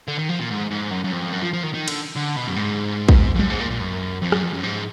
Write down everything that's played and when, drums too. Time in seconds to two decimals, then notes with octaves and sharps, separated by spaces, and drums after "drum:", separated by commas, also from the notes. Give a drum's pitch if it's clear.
0.08 D3
0.19 D#3
0.29 F3
0.39 A#2
0.50 G#2
0.70 G#2
0.91 F#2
1.04 F#2
1.12 F2
1.33 F#2
1.42 F3
1.53 F3
1.63 D#3
1.73 D#3
1.88 D3, drum: cymbal
2.16 D3
2.36 B2
2.47 F#2
2.56 G#2
3.09 drum: kick
3.35 F2
3.39 F#2, drum: tom
3.50 G#2
3.60 A#2
3.70 A#2
3.80 F#2
4.22 F2
4.32 F#2, drum: rim click
4.43 F2
4.53 F#2
4.63 G#2